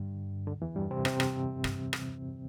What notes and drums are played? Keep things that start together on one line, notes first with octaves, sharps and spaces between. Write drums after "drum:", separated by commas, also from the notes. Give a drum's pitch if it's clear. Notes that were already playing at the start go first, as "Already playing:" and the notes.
Already playing: G2 D3
D2 D3
E2 E3
G2 G3
C3 C4
C3 C4, drum: rim click
drum: rim click
G2, drum: rim click
drum: rim click